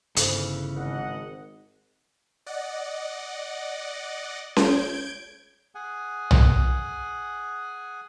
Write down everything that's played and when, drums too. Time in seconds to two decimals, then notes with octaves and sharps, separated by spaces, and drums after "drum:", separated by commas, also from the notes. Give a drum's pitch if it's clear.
0.16 G1 C#3 E3 D#4 A4 C5, drum: hi-hat
0.75 G#1 D#5 F#5
2.46 D5 D#5 F#5
4.56 G6 G#6 D7, drum: snare C#4
5.75 G#4 F#5 G#5
6.31 drum: tom